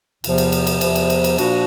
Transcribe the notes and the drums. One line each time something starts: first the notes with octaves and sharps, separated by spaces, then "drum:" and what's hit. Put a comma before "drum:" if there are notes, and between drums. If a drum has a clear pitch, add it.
E2 C3 F3, drum: cymbal
drum: cymbal
drum: cymbal
drum: cymbal
E2 C3 F3, drum: cymbal
drum: cymbal
drum: cymbal
drum: cymbal
A#2 F3 A#3 D4 F#4, drum: cymbal